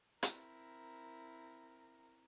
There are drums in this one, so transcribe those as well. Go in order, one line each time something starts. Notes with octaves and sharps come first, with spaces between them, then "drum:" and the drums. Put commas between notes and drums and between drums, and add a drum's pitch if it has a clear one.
C4 E4 A#4, drum: hi-hat